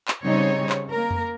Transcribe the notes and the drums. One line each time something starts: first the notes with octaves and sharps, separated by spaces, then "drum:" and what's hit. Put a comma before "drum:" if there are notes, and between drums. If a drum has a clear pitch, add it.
drum: clap
C#3 G3 C4 D#4 C#5
drum: clap
A#3 A#4
drum: tom F2